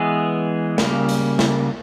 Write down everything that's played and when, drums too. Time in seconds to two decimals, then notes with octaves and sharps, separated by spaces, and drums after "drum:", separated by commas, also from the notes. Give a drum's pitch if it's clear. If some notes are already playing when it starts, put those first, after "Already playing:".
Already playing: E3 G#3 B3 G#4
0.78 C#3 G3 A#3, drum: snare
1.09 drum: hi-hat
1.39 drum: snare